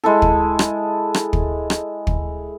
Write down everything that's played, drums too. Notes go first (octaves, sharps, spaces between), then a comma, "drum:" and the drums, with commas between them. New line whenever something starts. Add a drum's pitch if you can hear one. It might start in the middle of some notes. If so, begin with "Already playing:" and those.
G#3 E4 A4
drum: kick
drum: rim click
drum: rim click
drum: kick
drum: rim click
drum: kick